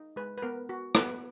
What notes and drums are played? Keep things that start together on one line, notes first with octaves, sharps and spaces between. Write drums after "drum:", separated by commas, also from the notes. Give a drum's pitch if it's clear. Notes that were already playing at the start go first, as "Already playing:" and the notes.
Already playing: D#4
G#3 B4
B4
B3 A#4
F#4
B3 B4, drum: rim click